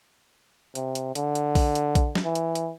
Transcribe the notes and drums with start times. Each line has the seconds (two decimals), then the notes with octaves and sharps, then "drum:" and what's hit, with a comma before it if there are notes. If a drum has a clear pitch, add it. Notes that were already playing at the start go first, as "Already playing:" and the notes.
0.75 C3, drum: hi-hat
0.95 drum: hi-hat
1.15 D3, drum: hi-hat
1.35 drum: hi-hat
1.55 drum: kick A#1, open hi-hat
1.75 drum: hi-hat
1.95 drum: kick A#1, hi-hat
2.15 drum: snare
2.25 E3
2.35 drum: hi-hat
2.55 drum: hi-hat